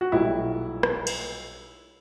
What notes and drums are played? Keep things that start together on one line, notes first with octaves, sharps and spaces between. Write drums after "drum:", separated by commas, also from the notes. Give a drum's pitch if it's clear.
F#4
B1 A#2 G3 E4
drum: rim click
drum: cymbal